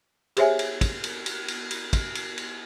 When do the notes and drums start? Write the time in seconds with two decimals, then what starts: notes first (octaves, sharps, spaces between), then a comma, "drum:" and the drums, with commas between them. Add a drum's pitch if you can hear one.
0.37 G4 G#4 C5 C#5 E5 G#5, drum: cymbal
0.59 drum: cymbal
0.81 drum: kick, cymbal
1.04 drum: cymbal
1.26 drum: cymbal
1.48 drum: cymbal
1.71 drum: cymbal
1.93 drum: kick, cymbal
2.15 drum: cymbal
2.38 drum: cymbal